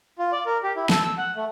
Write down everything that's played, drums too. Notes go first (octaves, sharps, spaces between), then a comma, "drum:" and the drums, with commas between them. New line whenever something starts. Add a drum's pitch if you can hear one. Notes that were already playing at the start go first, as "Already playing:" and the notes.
F4
D5
A#4
G4
E4
A4, drum: snare
E6
F#5
A3